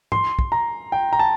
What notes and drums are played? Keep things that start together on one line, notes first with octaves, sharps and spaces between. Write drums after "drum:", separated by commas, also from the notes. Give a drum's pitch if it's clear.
C6, drum: tom G#2
drum: kick
A#5
G5
A#5
A5